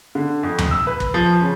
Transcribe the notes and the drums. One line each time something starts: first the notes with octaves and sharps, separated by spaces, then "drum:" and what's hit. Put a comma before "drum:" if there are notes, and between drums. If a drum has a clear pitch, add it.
D3
F2
drum: tom D#2
E6
B4
drum: kick
F3
C#3